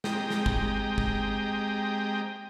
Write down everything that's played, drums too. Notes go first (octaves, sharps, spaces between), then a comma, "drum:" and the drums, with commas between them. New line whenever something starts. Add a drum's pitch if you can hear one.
G#3 C4 G4 D#5 G5 A#5, drum: snare
drum: snare
drum: kick
drum: kick